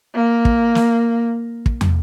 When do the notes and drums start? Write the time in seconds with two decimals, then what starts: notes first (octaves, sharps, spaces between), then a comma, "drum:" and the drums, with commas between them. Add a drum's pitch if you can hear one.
0.15 A#3
0.45 drum: kick
0.75 drum: snare
1.66 drum: kick
1.81 drum: tom